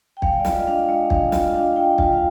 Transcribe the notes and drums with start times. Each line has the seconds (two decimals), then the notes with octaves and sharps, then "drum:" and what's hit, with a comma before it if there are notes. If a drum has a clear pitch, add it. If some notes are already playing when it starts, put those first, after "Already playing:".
0.17 G5
0.22 G#3 F5, drum: kick
0.40 D5
0.45 F4 D#5, drum: snare
0.60 D#5
0.67 D4 F5
0.89 G#3 D#5
1.10 G#3 F5, drum: kick
1.32 F4 D#5, drum: snare
1.54 D4 F5
1.76 G#3 G5
1.98 F4 G5, drum: kick
2.13 F5